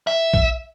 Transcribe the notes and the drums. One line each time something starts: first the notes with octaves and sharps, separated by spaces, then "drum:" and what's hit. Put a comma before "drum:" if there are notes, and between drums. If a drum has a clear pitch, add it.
E5
drum: kick